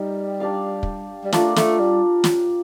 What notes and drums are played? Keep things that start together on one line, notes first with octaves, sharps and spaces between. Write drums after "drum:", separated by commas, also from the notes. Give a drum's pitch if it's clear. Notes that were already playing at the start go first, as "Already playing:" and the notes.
Already playing: G3 D#4 G4 A#4
D4 G4 D5 F5
drum: kick
G3
A3 D4 F4 A#4 D5, drum: snare
A3, drum: snare
G3
drum: snare